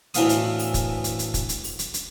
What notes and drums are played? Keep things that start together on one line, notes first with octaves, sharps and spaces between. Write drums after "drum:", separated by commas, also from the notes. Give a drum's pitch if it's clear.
D2 A2 E3 B3 F5 D#6, drum: hi-hat
drum: hi-hat
drum: open hi-hat
drum: kick, hi-hat
drum: hi-hat
drum: hi-hat
drum: kick, hi-hat
drum: hi-hat
drum: open hi-hat
drum: hi-hat
drum: hi-hat